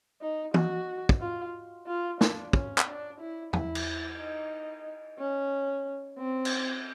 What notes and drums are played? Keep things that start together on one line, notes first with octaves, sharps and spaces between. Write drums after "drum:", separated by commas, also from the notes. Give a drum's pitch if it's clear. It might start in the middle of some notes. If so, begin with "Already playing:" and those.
D#4
F#4, drum: tom E3
drum: kick
F4
F4
D4, drum: snare
C#4, drum: kick
drum: clap
D4
E4
E4, drum: tom E2
drum: cymbal
D#4
C#4
C4
drum: cymbal